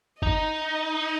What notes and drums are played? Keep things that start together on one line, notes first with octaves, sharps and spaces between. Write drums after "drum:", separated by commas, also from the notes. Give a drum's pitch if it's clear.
D#4 D#5, drum: kick